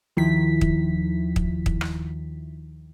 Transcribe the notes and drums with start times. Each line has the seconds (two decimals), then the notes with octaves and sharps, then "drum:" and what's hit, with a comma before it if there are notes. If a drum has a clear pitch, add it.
0.17 D#2 D#3 F3 E4 B6
0.61 drum: kick
1.36 drum: kick
1.66 drum: kick
1.81 drum: rim click